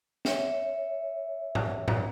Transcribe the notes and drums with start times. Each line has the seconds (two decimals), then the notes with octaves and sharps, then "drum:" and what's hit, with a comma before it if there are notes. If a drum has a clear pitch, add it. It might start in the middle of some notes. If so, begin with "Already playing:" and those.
0.25 C#5 E5, drum: snare
1.55 drum: tom G2
1.88 drum: tom G2